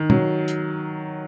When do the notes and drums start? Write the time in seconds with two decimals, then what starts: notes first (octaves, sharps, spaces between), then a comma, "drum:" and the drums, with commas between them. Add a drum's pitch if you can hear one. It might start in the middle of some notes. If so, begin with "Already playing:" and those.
Already playing: D#3
0.10 F#3, drum: tom
0.48 drum: hi-hat